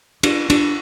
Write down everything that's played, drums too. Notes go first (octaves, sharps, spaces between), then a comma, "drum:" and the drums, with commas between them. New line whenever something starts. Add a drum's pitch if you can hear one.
D4, drum: cymbal
D4, drum: cymbal